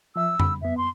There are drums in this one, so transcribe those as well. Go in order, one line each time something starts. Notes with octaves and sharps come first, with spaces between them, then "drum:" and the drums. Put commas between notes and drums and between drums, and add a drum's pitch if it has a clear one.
F3 E5 E6
B5, drum: tom F2
F#2 B3 E5
C6